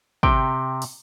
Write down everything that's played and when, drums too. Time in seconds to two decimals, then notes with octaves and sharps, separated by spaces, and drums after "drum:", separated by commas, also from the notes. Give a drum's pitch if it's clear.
0.23 C3 G5, drum: kick
0.82 drum: open hi-hat